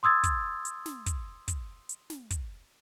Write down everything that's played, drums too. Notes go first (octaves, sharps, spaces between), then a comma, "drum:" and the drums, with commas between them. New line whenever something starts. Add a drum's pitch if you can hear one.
C6 D#6 E6 G#6 A6
drum: kick, hi-hat
drum: hi-hat
drum: snare
drum: kick, hi-hat
drum: kick, hi-hat
drum: hi-hat
drum: snare
drum: kick, hi-hat